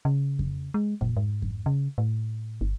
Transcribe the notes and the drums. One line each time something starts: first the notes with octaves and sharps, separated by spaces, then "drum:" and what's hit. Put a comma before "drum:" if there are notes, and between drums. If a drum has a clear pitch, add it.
C#3
drum: kick F2
G#3
A#2, drum: kick F2
G#2
drum: kick F2
C#3
A2
G1